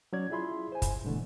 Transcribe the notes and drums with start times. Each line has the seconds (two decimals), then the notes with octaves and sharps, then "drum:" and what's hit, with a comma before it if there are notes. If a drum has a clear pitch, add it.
0.13 F#3 C#4 C#5 D5 G#6
0.30 E4 F4 G#4 E5 B5 C6
0.72 C5 G#5
0.82 drum: kick, hi-hat
1.05 G#2 B2 D3 E3 A3